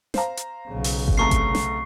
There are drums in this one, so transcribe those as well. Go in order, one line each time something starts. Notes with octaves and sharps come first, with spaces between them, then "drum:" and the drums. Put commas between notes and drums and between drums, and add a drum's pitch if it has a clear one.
C5 F5 A#5, drum: snare
drum: hi-hat
B1 C#3
drum: open hi-hat
drum: kick G1
C2 A3 A#5 C#6 C7
drum: kick G1, hi-hat
drum: snare